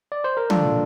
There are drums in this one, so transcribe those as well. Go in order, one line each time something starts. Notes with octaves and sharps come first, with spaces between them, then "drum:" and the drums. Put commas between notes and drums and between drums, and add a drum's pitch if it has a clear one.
D5
C5
A#4
D4 F4 A4, drum: tom
A#2